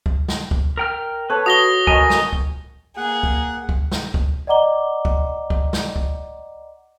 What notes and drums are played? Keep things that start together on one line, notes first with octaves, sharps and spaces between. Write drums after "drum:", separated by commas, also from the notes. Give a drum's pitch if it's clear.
drum: kick C#2
drum: snare
drum: kick C#2
A#4 G5 F6
A4 B4 C#5
F#4 D#6 A#6 G7
B3 A#4 D#5 G#5 C#6, drum: kick C#2
drum: snare
drum: kick C#2
A#3 G#4 F#5
drum: kick C#2
drum: kick C#2
drum: snare
drum: kick C#2
D5 D#5 F#5 A#5 D6 G7
drum: kick C#2
drum: kick C#2
drum: snare
drum: kick C#2